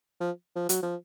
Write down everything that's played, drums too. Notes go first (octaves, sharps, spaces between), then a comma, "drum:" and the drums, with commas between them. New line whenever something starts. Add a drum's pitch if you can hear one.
F3
F3
F#3, drum: hi-hat
F3